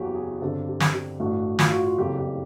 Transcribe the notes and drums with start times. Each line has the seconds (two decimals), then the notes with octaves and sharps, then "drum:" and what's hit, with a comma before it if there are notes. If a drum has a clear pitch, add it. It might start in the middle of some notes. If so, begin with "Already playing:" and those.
Already playing: F#1 E2 C#3 E3 F#4 G4
0.15 G#4
0.41 G2 D3 G3 C4 A4
0.68 G4
0.80 drum: snare
0.94 G4
1.20 A1 G2 E3 A3 F#4
1.59 F4, drum: snare
1.71 F#4
1.84 F4
1.98 F#1 F2 C#3 E3 G4
2.17 G4